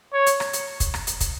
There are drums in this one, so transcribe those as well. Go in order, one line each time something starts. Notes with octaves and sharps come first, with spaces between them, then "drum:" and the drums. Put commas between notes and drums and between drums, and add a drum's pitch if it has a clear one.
C#5
drum: hi-hat
drum: rim click
drum: hi-hat
drum: kick, hi-hat
drum: rim click
drum: hi-hat
drum: kick, hi-hat